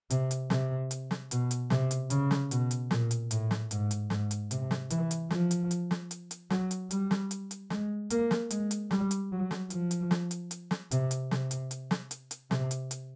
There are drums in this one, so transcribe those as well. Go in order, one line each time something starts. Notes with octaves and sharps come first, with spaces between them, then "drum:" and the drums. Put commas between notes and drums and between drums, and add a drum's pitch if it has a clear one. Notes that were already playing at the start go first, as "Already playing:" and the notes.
C3, drum: hi-hat
drum: hi-hat
C3, drum: snare
drum: hi-hat
drum: snare
B2, drum: hi-hat
drum: hi-hat
C3, drum: snare
drum: hi-hat
C#3, drum: hi-hat
drum: snare
B2, drum: hi-hat
drum: hi-hat
A#2, drum: snare
drum: hi-hat
A2, drum: hi-hat
drum: snare
G#2, drum: hi-hat
drum: hi-hat
G#2, drum: snare
drum: hi-hat
C3, drum: hi-hat
drum: snare
E3, drum: hi-hat
drum: hi-hat
F3, drum: snare
drum: hi-hat
drum: hi-hat
drum: snare
drum: hi-hat
drum: hi-hat
F#3, drum: snare
drum: hi-hat
G3, drum: hi-hat
drum: snare
drum: hi-hat
drum: hi-hat
G#3, drum: snare
A#3, drum: hi-hat
drum: snare
G#3, drum: hi-hat
drum: hi-hat
G3, drum: snare
drum: hi-hat
F#3
drum: snare
F3, drum: hi-hat
drum: hi-hat
drum: snare
drum: hi-hat
drum: hi-hat
drum: snare
C3, drum: hi-hat
drum: hi-hat
C3, drum: snare
drum: hi-hat
drum: hi-hat
drum: snare
drum: hi-hat
drum: hi-hat
C3, drum: snare
drum: hi-hat
drum: hi-hat